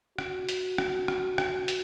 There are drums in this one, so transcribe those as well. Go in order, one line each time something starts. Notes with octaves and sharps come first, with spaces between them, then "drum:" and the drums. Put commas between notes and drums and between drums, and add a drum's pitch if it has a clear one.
F#4, drum: rim click
drum: hi-hat
drum: rim click
drum: rim click
drum: rim click
drum: hi-hat